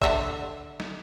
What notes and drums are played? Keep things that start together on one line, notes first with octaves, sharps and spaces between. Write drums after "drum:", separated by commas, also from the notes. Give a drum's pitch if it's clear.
D3 D4 E5, drum: kick A#1
drum: snare